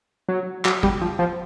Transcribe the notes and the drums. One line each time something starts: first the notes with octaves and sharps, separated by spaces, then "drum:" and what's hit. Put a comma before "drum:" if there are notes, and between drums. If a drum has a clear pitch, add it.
F#3
F#3, drum: clap
G3, drum: kick
F3
F3